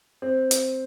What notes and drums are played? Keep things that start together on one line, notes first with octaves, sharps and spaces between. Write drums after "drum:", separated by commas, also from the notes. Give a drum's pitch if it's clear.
C4
drum: hi-hat